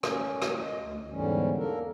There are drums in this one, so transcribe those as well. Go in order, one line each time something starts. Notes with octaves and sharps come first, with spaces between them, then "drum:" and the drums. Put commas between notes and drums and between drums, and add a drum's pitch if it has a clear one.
C#4, drum: rim click
drum: rim click
D#5
D2
E2 G#2 D3 E3 G3 C#4
A#3 A4 A#4